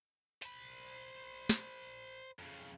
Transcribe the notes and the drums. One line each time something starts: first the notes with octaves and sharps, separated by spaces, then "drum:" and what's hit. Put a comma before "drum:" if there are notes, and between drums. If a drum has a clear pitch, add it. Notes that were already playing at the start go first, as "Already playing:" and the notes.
C5 B5, drum: hi-hat
drum: snare
F2 C#3